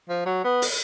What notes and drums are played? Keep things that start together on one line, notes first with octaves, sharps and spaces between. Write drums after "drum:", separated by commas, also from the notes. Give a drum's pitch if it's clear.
F3
F#3
B3
drum: open hi-hat